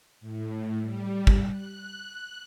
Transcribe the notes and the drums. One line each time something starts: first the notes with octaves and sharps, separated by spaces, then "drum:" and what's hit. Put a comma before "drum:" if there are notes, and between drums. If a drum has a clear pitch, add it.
A2
G3
drum: kick
F#6